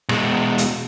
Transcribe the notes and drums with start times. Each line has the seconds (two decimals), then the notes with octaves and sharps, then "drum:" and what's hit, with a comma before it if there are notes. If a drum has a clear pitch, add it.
0.09 B2 G#3, drum: rim click
0.58 drum: hi-hat